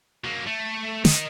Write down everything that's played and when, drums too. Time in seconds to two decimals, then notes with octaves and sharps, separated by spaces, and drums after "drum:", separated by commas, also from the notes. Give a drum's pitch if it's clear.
0.24 F#3 A#3
0.46 A3
1.05 A#4 D#5, drum: snare